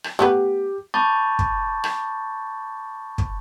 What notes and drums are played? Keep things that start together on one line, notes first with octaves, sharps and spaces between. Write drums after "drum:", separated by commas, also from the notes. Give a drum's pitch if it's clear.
drum: rim click
A3 B3 G4 B4
A5 B5 C#6 D6 G6 A6
drum: kick
drum: rim click
drum: kick